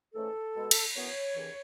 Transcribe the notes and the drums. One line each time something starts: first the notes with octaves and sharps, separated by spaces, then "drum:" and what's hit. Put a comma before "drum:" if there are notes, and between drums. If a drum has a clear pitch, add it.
G#2 E3 A3 C#4 A4
B2 G#3 B3
drum: cymbal
F#2 E3 B3 C#5
D#2 C#3 E3